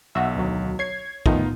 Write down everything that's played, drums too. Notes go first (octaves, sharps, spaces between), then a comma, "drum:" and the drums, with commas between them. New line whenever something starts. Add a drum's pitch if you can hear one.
B1 F#4 E5
D2 D#3 F#3
C#5 G#6 C7
F2 D#3 A3 B3 D#4 F4, drum: kick